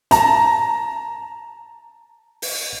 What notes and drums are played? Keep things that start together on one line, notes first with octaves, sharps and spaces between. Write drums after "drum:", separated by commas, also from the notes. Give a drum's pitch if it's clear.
A5 A#5, drum: hi-hat
drum: open hi-hat